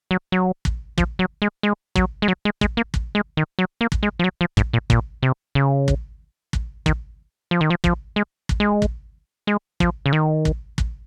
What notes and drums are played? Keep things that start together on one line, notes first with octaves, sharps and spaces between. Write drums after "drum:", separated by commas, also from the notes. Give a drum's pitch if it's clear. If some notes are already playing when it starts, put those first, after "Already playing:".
F#3
F#3
drum: kick
F3, drum: kick
F#3
G#3
G#3
F#3, drum: kick
G#3
F#3
G#3
G#3, drum: kick
A#3
drum: kick
G#3
D#3
F#3
A#3
drum: kick
G#3
F3
F#3
F3
G#2, drum: kick
A#2
A#2, drum: kick
C3
C#3
drum: kick
drum: kick
D#3, drum: kick
F3
D#3
F3
F3, drum: kick
G#3
drum: kick
G#3
drum: kick
G#3
F3, drum: kick
C#3
D#3
drum: kick
drum: kick